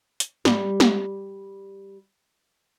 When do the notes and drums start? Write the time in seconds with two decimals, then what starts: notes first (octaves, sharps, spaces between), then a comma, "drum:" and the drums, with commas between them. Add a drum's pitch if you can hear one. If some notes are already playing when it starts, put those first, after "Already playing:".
0.20 drum: hi-hat
0.45 G3 G4, drum: snare
0.80 drum: snare